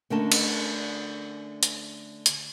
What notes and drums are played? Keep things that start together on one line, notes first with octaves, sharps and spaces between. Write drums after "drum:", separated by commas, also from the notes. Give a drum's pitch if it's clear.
D3 A3 C#4 A#4 D#5 A5
drum: cymbal
drum: hi-hat
drum: hi-hat